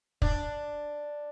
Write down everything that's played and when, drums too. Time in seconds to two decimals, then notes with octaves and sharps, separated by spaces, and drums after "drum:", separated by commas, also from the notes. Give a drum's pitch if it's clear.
0.22 D4, drum: kick